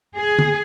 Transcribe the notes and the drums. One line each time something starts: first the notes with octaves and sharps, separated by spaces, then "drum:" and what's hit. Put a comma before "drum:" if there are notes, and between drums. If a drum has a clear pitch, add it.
G#4
drum: tom D3